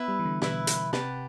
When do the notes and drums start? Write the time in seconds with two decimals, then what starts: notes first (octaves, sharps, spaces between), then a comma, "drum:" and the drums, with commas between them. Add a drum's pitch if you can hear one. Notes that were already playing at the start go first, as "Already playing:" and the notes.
Already playing: B3 E4 B4 E5
0.08 G3
0.19 E3
0.25 D3
0.42 B2 E4 B4 E5, drum: snare
0.67 drum: hi-hat
0.93 C3 G4 B4 F#5 A5, drum: snare